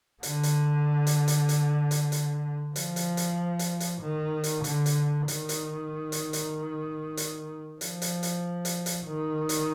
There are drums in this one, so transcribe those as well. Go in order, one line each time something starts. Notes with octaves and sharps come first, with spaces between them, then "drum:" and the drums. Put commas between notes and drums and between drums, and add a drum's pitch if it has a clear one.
D3, drum: hi-hat
drum: hi-hat
drum: hi-hat
drum: hi-hat
drum: hi-hat
drum: hi-hat
drum: hi-hat
F3, drum: hi-hat
drum: hi-hat
drum: hi-hat
drum: hi-hat
drum: hi-hat
D#3
drum: hi-hat
D3, drum: hi-hat
drum: hi-hat
D#3, drum: hi-hat
drum: hi-hat
drum: hi-hat
drum: hi-hat
drum: hi-hat
F3, drum: hi-hat
drum: hi-hat
drum: hi-hat
drum: hi-hat
drum: hi-hat
D#3
drum: hi-hat